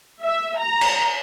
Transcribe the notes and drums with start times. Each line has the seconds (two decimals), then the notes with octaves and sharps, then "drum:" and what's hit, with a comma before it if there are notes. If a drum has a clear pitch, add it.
0.23 E5
0.60 A#5
0.81 drum: cymbal